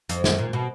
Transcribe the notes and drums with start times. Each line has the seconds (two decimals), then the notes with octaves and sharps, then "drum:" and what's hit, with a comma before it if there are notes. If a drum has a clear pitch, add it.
0.09 F2, drum: hi-hat
0.24 F#2, drum: snare
0.38 A#2
0.53 B2